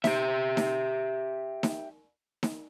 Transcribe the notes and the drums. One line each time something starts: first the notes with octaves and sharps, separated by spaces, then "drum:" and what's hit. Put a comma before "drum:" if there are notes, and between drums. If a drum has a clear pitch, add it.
G4 E5, drum: snare D#4
drum: snare D#4
drum: snare D#4
drum: snare D#4